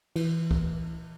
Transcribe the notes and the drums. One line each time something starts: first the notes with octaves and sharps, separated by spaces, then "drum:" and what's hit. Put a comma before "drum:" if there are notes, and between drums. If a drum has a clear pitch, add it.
E3, drum: cymbal
drum: kick